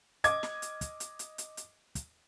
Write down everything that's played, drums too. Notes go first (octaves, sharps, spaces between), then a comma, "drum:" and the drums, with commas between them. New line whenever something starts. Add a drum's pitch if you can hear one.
D#5 D6 G#6, drum: hi-hat
drum: snare
drum: hi-hat
drum: kick, hi-hat
drum: hi-hat
drum: hi-hat
drum: hi-hat
drum: hi-hat
drum: kick, hi-hat